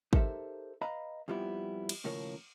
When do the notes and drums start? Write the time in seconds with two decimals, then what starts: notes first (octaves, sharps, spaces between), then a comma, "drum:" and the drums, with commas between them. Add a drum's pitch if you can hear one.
0.13 D#4 G4 A4 A#4 C5 E5, drum: kick
0.81 B4 D#5 F5 A#5 B5
1.28 F2 F3 G3 B3 E4
1.89 drum: cymbal
2.04 D#2 A2 C#3 F3 A#4 C#5